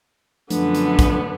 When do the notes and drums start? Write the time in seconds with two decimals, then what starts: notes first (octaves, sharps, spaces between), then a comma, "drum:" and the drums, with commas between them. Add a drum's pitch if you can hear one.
0.50 F#2 D3 F3 A3 B3 D4, drum: hi-hat
0.75 drum: hi-hat
0.99 drum: kick, hi-hat